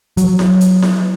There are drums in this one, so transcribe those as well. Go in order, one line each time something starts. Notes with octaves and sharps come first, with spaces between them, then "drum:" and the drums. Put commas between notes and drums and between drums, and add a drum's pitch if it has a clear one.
F#3, drum: hi-hat
drum: snare E4
drum: hi-hat
drum: snare E4